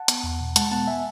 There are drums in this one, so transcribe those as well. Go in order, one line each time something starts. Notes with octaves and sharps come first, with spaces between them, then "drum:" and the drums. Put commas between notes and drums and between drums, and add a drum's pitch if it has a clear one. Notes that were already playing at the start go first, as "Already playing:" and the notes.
Already playing: F#5 A5
B3, drum: hi-hat
E2
B2
G#3 F#5 A5, drum: hi-hat
B3 F#5 A5
E5 G#5